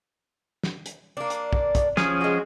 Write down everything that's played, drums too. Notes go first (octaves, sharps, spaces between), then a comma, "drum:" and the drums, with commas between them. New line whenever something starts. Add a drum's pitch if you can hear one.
drum: snare
drum: hi-hat
A#3 D4
drum: hi-hat
drum: kick
drum: kick, hi-hat
F3 C#4 G#4, drum: snare
G#3 F#4